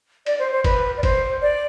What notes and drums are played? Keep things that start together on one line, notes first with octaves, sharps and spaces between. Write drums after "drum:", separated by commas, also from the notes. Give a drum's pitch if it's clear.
D5, drum: cymbal
C5
C5
B4, drum: kick, cymbal
D5
C5, drum: kick, cymbal
D5